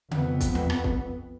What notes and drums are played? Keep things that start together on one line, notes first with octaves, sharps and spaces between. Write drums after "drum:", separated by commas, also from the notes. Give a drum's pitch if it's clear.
F2 B3, drum: tom C#3
drum: kick, hi-hat
drum: tom D#2
drum: rim click
drum: kick